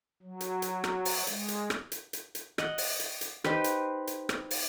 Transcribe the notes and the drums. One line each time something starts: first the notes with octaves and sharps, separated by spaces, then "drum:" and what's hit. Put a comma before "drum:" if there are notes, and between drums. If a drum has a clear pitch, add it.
F#3
drum: hi-hat
drum: hi-hat
drum: rim click
drum: open hi-hat
G#3, drum: hi-hat
drum: hi-hat
drum: rim click
drum: hi-hat
drum: hi-hat
drum: hi-hat
D#5 F#5, drum: rim click
drum: open hi-hat
drum: hi-hat
drum: hi-hat
D#4 G4 B4 C5, drum: rim click
drum: hi-hat
drum: hi-hat
drum: rim click
drum: open hi-hat